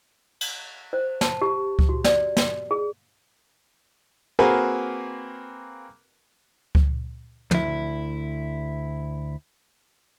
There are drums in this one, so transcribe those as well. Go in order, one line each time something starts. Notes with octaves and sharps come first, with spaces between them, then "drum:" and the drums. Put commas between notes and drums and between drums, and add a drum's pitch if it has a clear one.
drum: cymbal
C5
A5, drum: snare
G4
drum: kick C#2
F#4
D5, drum: snare
drum: snare
G#4
A#3 C4 F#4 G#4 A#4 B4
drum: kick C#2
D2 E4, drum: tom